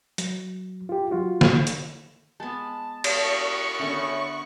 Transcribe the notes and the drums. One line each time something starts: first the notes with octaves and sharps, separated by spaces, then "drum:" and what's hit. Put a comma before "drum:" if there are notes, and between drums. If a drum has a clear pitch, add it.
F#3, drum: hi-hat
F4 G4
F#3 F4 F#4
drum: snare
drum: hi-hat
G#3 B3 A5
drum: cymbal
C#6 F#6
D3 A3 B3 C#4 E5